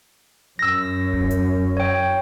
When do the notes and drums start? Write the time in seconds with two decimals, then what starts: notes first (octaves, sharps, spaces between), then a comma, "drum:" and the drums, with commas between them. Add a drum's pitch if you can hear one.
0.59 F#2 E6 A#6
1.13 drum: kick D1
1.31 drum: hi-hat
1.77 C#5 G5